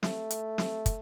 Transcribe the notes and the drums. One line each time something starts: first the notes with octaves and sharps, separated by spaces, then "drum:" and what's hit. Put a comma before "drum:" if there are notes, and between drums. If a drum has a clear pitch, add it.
A3, drum: snare
drum: hi-hat
drum: snare
drum: kick, hi-hat